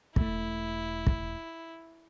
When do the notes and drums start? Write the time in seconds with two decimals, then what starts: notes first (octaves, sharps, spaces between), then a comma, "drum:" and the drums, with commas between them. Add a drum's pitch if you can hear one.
0.16 E1 A3 E4, drum: kick
1.07 drum: kick